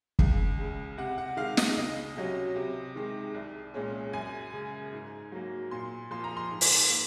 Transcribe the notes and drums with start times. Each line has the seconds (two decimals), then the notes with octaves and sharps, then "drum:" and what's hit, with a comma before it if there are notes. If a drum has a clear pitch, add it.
0.19 C#2, drum: kick
0.59 C#3 G#3
0.97 C3 F#5
1.18 F#5
1.37 D#3 G#3 F5
1.57 D#5, drum: snare
1.77 C#2 D#5
2.16 C3 F#3 C#4
2.56 C3
2.96 D#3 G#3
3.34 C2
3.74 A#2 G#3 C#4
4.13 F#2 G#5
4.53 C#3 G#3
4.92 G#2
5.32 F#3 A#3
5.71 A#2 C6
6.11 F3 A#3 C6
6.24 A#5
6.37 C6
6.51 G#2
6.61 drum: open hi-hat
6.90 A#3